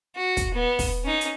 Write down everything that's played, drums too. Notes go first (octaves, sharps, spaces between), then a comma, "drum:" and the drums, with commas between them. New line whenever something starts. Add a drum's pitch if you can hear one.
F#4
drum: kick, hi-hat
B3
drum: kick, open hi-hat
C#4 D#4
drum: hi-hat